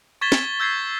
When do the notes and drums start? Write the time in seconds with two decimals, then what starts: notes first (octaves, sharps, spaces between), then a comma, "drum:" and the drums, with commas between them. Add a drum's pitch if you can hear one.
0.21 C#6 G#6 A6 B6 E7 G7
0.32 drum: snare
0.60 E6 G6 G#6 B6 C7